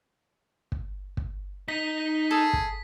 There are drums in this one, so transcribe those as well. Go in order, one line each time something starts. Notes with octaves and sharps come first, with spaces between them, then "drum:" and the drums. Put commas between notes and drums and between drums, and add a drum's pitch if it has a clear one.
drum: kick
drum: kick
D#4 D#5 B6
G#4 A4
drum: kick